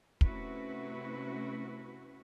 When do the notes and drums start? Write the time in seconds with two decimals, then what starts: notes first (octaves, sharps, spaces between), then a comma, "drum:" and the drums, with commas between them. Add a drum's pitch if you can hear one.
0.21 C3 A3 C#4 E4 F#4 B4, drum: kick